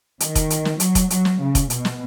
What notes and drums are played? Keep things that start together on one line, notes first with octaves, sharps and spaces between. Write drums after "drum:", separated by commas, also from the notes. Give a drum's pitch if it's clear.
D#3, drum: hi-hat
drum: kick F1, hi-hat
drum: hi-hat
drum: snare
F#3, drum: hi-hat
drum: kick F1, hi-hat
F#3, drum: hi-hat
drum: snare
C#3
drum: kick F1, hi-hat
B2, drum: hi-hat
drum: snare